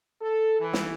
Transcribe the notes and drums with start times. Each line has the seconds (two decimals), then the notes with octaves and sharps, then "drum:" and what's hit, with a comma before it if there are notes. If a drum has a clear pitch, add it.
0.22 A4
0.60 E3
0.73 drum: snare